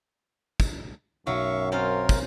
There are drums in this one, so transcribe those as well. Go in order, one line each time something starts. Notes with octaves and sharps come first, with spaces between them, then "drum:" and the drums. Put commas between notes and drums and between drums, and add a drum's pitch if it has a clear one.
drum: kick, tambourine
B1 F#2 F#3 E5 F5 C#6
C4 C#4 F4 A#4
drum: kick, tambourine